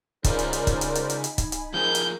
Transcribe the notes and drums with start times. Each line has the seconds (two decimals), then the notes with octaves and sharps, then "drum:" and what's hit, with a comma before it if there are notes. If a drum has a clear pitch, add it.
0.24 C#3 D#4 F4 A#4 C5 D5 G#5 B5, drum: kick, hi-hat
0.39 drum: hi-hat
0.53 drum: hi-hat
0.67 drum: kick, hi-hat
0.81 drum: hi-hat
0.95 drum: hi-hat
1.10 drum: hi-hat
1.24 drum: hi-hat
1.38 drum: kick, hi-hat
1.52 drum: hi-hat
1.74 F3 A#3 C4 G#4 A#4 G6
1.95 drum: hi-hat